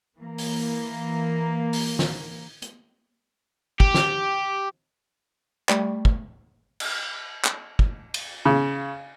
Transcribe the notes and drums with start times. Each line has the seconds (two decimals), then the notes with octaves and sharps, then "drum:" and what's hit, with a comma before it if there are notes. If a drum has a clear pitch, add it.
0.19 E3 A#3
0.38 drum: open hi-hat
1.73 drum: open hi-hat
1.99 drum: snare
2.62 drum: hi-hat
3.80 G4, drum: kick
3.94 drum: snare
5.69 G3 A3, drum: clap
6.05 drum: kick
6.80 drum: cymbal
7.45 drum: clap
7.79 drum: kick
8.14 drum: cymbal
8.45 C#3